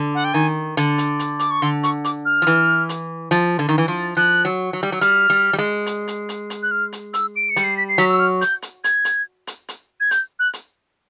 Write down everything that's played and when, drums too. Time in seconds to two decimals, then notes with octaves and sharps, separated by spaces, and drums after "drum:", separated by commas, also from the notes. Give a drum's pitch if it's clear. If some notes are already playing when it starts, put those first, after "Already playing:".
Already playing: D3
0.15 F#5
0.25 G5
0.34 D#3 G#5
0.77 D3, drum: hi-hat
0.98 drum: hi-hat
1.19 drum: hi-hat
1.39 D6, drum: hi-hat
1.51 C#6
1.62 D3 C6
1.83 C#6, drum: hi-hat
2.04 D6, drum: hi-hat
2.25 F6
2.42 F3
2.47 E3, drum: hi-hat
2.89 drum: hi-hat
3.31 F3, drum: hi-hat
3.59 D3
3.69 D#3
3.78 E3
3.88 F3
4.17 F3 F#6
4.45 F#3
4.73 F#3
4.83 G3
4.92 F#3
5.01 G3 F6, drum: hi-hat
5.30 G3
5.53 G3
5.59 G#3
5.86 drum: hi-hat
6.08 drum: hi-hat
6.29 drum: hi-hat
6.50 drum: hi-hat
6.63 F#6
6.71 F6
6.93 drum: hi-hat
7.14 E6, drum: hi-hat
7.36 D7
7.50 C#7
7.56 G3, drum: hi-hat
7.64 C7
7.77 B6
7.89 C7
7.98 F#3 B6, drum: hi-hat
8.10 E6
8.20 F6
8.41 G6, drum: hi-hat
8.62 drum: hi-hat
8.84 G#6, drum: hi-hat
9.05 drum: hi-hat
9.47 drum: hi-hat
9.68 drum: hi-hat
10.00 G#6
10.11 G6, drum: hi-hat
10.39 F#6
10.53 drum: hi-hat